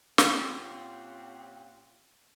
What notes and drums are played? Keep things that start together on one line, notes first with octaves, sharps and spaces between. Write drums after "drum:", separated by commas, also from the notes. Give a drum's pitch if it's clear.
A#2 C4 C#4 F4 G4 F#5, drum: snare